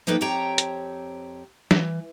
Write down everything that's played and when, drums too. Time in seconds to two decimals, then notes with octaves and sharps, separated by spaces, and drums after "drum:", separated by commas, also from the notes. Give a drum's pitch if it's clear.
0.07 F3 A#3 D#4 A4 B4 G5
0.21 F2 C4 G4 C#5 G5 A#5
0.58 drum: hi-hat
1.71 E3, drum: snare